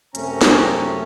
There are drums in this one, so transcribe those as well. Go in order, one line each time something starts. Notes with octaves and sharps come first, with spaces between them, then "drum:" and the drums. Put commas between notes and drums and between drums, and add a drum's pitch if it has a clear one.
F#2 C3 A3 C4 C#4 A#5, drum: hi-hat
drum: snare